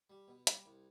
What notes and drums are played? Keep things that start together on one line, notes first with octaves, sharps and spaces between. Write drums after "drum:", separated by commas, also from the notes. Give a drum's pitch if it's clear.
G3
B2
G3, drum: hi-hat
C2